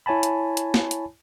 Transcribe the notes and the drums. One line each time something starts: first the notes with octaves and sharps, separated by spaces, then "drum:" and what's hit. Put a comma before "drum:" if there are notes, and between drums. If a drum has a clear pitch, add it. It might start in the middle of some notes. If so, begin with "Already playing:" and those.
E4 C#5 G#5 A5 B5
drum: hi-hat
drum: hi-hat
drum: snare
drum: hi-hat